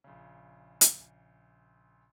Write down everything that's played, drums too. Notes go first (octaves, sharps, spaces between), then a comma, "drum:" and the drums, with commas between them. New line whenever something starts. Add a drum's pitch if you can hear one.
A#1 C#3
drum: hi-hat